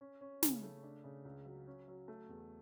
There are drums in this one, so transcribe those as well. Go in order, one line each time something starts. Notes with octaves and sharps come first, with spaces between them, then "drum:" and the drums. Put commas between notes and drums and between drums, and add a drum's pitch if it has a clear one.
C#4
C#4
C#3, drum: snare
A3
D4
C#3
C#2
F#3
C#4
F#3
A3
E2